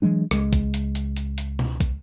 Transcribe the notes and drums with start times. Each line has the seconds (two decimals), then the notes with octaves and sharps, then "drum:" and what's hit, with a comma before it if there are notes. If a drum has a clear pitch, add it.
0.02 E3 F#3 G#3 D4
0.31 C#2 G#3, drum: rim click
0.53 drum: kick, hi-hat
0.74 drum: hi-hat
0.95 drum: hi-hat
1.16 drum: hi-hat
1.38 drum: hi-hat
1.59 drum: tom B2
1.80 drum: kick, hi-hat